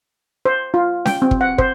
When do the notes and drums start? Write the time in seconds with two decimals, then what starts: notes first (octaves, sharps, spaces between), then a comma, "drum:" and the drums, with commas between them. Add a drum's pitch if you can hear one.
0.45 C5
0.74 F4
1.06 G5, drum: snare C#4
1.22 C4
1.31 drum: kick
1.41 F#5
1.58 C5, drum: kick